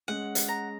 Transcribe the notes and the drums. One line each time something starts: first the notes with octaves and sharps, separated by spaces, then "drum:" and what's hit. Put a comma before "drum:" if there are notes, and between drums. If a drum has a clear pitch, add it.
G#3 C#4 F#5
drum: hi-hat
A#5